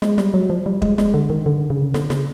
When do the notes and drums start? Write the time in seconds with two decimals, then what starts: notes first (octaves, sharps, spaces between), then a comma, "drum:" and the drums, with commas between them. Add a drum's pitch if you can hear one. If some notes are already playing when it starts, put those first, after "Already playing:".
0.02 G#3, drum: snare
0.18 G3, drum: snare
0.34 F#3
0.50 F3
0.66 G3
0.82 G#3, drum: kick
0.98 G#3, drum: snare
1.14 D3
1.30 D#3
1.46 D3
1.70 C#3
1.94 D3, drum: snare
2.10 C#3, drum: snare